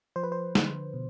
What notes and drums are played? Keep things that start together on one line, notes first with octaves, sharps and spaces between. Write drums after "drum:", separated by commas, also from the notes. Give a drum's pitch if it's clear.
F3 C5
B4
C5
D3, drum: snare
B2